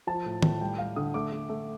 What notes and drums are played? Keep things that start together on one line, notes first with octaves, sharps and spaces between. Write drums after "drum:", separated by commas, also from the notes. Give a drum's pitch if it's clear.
F3 A5
A2
A2, drum: tom D#3
G3 G5
G3 F5
D3 D#6
A3 D6
A3
A3